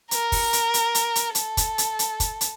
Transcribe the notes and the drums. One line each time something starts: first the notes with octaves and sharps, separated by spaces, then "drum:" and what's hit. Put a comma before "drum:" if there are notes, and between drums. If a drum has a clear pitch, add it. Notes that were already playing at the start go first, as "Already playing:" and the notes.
A#4, drum: hi-hat
drum: kick, open hi-hat
drum: hi-hat
drum: hi-hat
drum: hi-hat
drum: hi-hat
A4, drum: hi-hat
drum: kick, hi-hat
drum: hi-hat
drum: hi-hat
drum: kick, hi-hat
drum: hi-hat